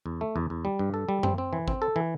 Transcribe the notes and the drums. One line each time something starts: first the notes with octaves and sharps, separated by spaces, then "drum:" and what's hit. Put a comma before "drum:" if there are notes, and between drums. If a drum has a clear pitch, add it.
E2
A3
E2
E2
G3
G2
A4
G3
C4, drum: tom F#2
C4
E3
C4, drum: kick
A4
E3